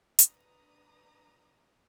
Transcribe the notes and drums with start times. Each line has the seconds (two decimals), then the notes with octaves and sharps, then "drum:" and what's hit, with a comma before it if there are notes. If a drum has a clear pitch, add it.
0.19 D4 B4 A#5 D#6, drum: hi-hat